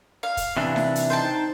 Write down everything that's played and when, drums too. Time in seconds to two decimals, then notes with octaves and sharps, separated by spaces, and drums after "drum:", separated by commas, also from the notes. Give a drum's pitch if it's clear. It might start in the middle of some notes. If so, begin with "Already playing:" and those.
0.23 F5
0.37 drum: kick, hi-hat
0.57 C3 E3 D4 E5
0.76 drum: snare D#4
0.95 drum: hi-hat
1.10 D#4 C5 G5 A5